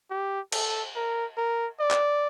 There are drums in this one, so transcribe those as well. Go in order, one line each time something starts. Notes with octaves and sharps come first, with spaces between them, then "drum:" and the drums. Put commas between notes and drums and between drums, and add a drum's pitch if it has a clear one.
G4
A4, drum: cymbal
A#4
A#4
D5
drum: clap